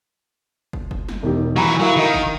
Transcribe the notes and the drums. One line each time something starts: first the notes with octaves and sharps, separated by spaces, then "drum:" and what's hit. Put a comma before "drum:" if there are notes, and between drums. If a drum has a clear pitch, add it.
drum: kick
drum: kick
drum: snare
E1 D#3 G4
E3 F#3 F#5 A#5 B5
F#3 E4 A#4 F5
D#3 A#4 D#5 F5
drum: kick